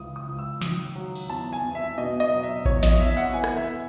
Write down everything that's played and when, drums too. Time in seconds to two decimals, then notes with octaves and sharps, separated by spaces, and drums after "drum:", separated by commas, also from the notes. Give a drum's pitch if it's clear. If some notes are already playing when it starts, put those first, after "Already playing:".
Already playing: C#2 E3 D#6
0.16 D#6
0.28 C#2
0.39 E6
0.61 D#3 D#6, drum: snare
0.96 F#3
1.15 drum: cymbal
1.29 E2 A5
1.53 G#5
1.64 E2
1.75 E5
1.98 B2 D#5
2.20 D#5
2.32 F#3
2.43 E5
2.65 E2 C#5, drum: kick A1
2.83 D#5, drum: snare
3.00 E2 E5
3.10 E5
3.17 F#5
3.33 E3 G#5
3.44 drum: rim click
3.56 E5